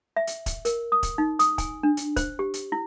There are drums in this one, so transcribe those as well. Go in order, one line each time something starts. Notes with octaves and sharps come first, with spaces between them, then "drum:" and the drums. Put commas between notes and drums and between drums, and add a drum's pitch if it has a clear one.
E5
drum: hi-hat
drum: kick, hi-hat
A#4, drum: hi-hat
D#6
drum: kick, hi-hat
D#4
D#6, drum: hi-hat
G#5, drum: kick, hi-hat
D4
drum: hi-hat
C5, drum: kick, hi-hat
G4
drum: hi-hat
E4